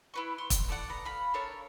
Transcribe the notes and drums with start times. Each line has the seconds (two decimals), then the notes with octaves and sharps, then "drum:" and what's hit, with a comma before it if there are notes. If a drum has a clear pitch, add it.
0.14 E4 B4 C#6
0.38 C6 C#6
0.50 drum: kick, hi-hat
0.69 A4 D5 F#5
0.90 B3 A#5
1.05 F5 B5
1.34 D4 A4 A#4 C#5